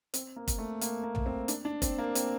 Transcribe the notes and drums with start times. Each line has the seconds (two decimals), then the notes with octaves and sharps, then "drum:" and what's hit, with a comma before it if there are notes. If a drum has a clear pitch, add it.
0.14 C4, drum: hi-hat
0.36 A#3
0.48 drum: kick, hi-hat
0.58 A3
0.81 A#3, drum: hi-hat
1.03 A#3
1.15 drum: tom B1
1.26 C4
1.48 D4, drum: hi-hat
1.65 D4
1.82 C4, drum: kick, hi-hat
1.98 A#3
2.15 C4, drum: hi-hat